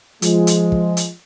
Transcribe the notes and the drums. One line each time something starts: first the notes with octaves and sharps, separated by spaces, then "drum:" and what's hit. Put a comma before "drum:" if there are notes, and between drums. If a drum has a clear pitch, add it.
F3 G#3, drum: hi-hat
drum: hi-hat
drum: kick
drum: hi-hat